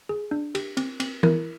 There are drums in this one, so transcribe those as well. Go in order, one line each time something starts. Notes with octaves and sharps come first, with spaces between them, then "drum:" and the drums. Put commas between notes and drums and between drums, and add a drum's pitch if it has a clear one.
G#4
D4
G4, drum: cymbal
C4, drum: cymbal
C4, drum: cymbal
E4 A#4, drum: tom E3